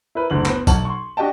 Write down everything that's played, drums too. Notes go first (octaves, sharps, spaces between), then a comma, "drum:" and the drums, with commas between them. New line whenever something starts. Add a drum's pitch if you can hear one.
E4 A#4 B4
F#1 D2 F#7
B3 C5, drum: clap
B1 F#5 A5 F#7, drum: kick A#1, tambourine
C6 C#6
D4 F#4 G4 D#5 G5 A5